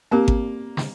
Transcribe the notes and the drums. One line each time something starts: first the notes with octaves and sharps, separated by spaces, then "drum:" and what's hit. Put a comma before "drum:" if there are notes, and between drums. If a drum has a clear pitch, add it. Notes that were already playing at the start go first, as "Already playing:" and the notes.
A#3 C4 G4 A#4
drum: kick G#1
drum: snare